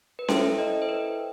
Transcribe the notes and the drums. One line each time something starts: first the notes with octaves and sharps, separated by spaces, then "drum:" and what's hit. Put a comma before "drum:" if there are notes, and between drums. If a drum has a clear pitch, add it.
B4
E4 A4 C5 E5 G5, drum: snare C#4
D#5
C5
B4